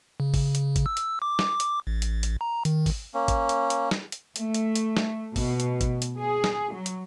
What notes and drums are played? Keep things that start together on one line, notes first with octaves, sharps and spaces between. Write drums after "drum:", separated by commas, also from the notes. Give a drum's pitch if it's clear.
C#3
drum: kick G#1, open hi-hat
drum: hi-hat
drum: kick G#1, hi-hat
E6
drum: hi-hat
D6
drum: snare
drum: hi-hat
A1
drum: hi-hat
drum: hi-hat
A#5
D#3, drum: hi-hat
drum: kick G#1, open hi-hat
A#3 C#4
drum: kick G#1, hi-hat
drum: hi-hat
drum: hi-hat
drum: snare
drum: hi-hat
A3, drum: hi-hat
drum: hi-hat
drum: hi-hat
drum: snare
B2, drum: kick G#1, open hi-hat
drum: hi-hat
drum: kick G#1, hi-hat
drum: hi-hat
G#4
drum: snare
F#3
drum: hi-hat